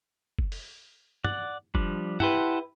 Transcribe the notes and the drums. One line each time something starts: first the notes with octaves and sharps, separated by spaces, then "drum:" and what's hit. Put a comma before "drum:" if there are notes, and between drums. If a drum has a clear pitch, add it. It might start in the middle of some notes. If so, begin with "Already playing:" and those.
drum: kick F#1
drum: open hi-hat
D5 F#5, drum: tom
F3 G3 D4, drum: kick F#1
E4 G4 B4 F#5 A5 C6, drum: tom